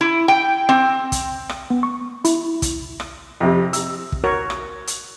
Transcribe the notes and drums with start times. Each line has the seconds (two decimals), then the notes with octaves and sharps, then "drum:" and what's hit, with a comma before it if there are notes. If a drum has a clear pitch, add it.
0.01 E4
0.28 G5
0.69 C4
1.12 drum: kick, hi-hat
1.49 drum: rim click
1.70 B3
1.83 C#6
2.25 E4, drum: hi-hat
2.62 drum: kick, hi-hat
3.00 drum: rim click
3.40 F2 C3
3.73 E6, drum: hi-hat
4.12 drum: kick
4.24 F#4 A#4 C#5
4.50 drum: rim click
4.87 drum: hi-hat